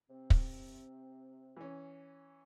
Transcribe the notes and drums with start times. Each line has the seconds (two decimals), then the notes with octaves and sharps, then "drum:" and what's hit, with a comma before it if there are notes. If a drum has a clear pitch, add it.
0.10 C3 C4
0.30 drum: kick
1.57 E3 C#4